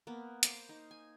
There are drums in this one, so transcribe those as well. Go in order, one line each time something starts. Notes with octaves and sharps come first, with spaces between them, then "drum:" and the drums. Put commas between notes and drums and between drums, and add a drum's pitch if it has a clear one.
A#3 B3
C5 F5 D6, drum: hi-hat
D#4
G#5